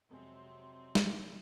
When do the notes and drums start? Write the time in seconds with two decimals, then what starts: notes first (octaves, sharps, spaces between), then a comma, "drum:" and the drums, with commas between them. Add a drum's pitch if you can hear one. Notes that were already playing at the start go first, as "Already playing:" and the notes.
0.11 F2 C3 F#3 G#3 C4
0.95 drum: snare